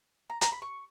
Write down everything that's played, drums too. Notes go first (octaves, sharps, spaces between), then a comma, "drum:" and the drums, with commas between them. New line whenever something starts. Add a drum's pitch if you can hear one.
A#5
A#5, drum: hi-hat
B5
C#6